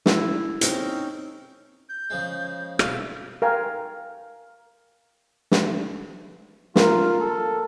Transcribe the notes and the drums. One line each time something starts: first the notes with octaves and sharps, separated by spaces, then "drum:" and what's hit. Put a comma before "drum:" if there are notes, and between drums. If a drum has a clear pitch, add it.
E4, drum: snare
C4 C#4 D#4 A#4, drum: hi-hat
G6
C#3 F3 G#3
B2 E5 F5, drum: rim click
A#4 F5 G5 G#5
drum: snare
A#3 F4 A#4, drum: snare
A4